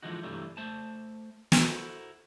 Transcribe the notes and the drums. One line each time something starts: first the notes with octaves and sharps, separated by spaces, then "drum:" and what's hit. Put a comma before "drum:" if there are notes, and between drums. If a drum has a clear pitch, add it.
D3 E3 F3 G#3 D#4 F#4
G2 C3 E3 F#3 G3 A3
A3 C5 A5
E4 F#4 A4 A#4 C5 F#5, drum: snare